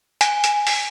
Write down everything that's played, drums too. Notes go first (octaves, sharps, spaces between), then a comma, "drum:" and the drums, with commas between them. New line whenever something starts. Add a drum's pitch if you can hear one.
G#5, drum: hi-hat
drum: hi-hat
drum: open hi-hat